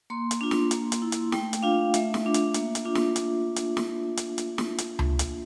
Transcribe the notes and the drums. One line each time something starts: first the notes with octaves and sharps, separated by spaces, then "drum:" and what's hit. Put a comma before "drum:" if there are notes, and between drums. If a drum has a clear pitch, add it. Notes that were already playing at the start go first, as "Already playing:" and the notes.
A#3 C6
drum: hi-hat
D4 F4
drum: snare
A#3, drum: hi-hat
drum: hi-hat
E4
drum: hi-hat
A3 G5, drum: snare
drum: hi-hat
D4 F4 F5
A3 E5, drum: hi-hat
drum: snare
D4 F4
drum: hi-hat
A#3, drum: hi-hat
drum: hi-hat
D4 F4
drum: snare
drum: hi-hat
drum: hi-hat
drum: snare
drum: hi-hat
drum: hi-hat
drum: snare
drum: hi-hat
drum: tom C#2
drum: hi-hat